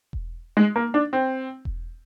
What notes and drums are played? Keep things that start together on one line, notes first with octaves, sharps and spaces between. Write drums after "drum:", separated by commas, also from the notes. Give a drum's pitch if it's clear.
drum: kick E1
G#3
A#3
D4
C4
drum: kick E1